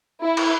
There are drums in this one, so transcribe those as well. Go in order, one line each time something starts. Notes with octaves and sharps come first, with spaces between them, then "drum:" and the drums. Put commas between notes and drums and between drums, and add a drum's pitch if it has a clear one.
E4
drum: cymbal